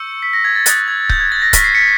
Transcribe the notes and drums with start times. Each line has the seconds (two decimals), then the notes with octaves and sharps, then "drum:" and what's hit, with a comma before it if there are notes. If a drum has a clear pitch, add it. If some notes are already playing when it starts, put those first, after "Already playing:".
Already playing: C#6 E6 G6 C#7
0.23 B6
0.33 A#6
0.45 G#6
0.55 A6
0.66 D#6 F#6 A6, drum: hi-hat
0.88 G#6
1.09 G6, drum: kick C#1
1.20 G#6
1.32 A6
1.42 A#6
1.53 C#6 F6 B6, drum: kick C#1, hi-hat
1.64 C7
1.75 B6 C#7